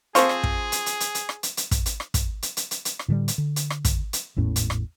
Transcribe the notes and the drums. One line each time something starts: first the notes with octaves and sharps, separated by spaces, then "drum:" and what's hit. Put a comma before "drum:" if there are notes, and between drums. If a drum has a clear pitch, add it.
F3 C4 F4 G#4 C5 C#6, drum: hi-hat
drum: rim click
drum: kick
drum: hi-hat
drum: hi-hat
drum: hi-hat
drum: hi-hat
drum: rim click
drum: hi-hat
drum: hi-hat
drum: kick, hi-hat
drum: hi-hat
drum: rim click
drum: kick, hi-hat
drum: hi-hat
drum: hi-hat
drum: hi-hat
drum: hi-hat
drum: rim click
A2 D3 G3
drum: hi-hat
D3
drum: hi-hat
drum: rim click
drum: kick, hi-hat
drum: hi-hat
G#1 E2 A2 C#4
drum: hi-hat
drum: rim click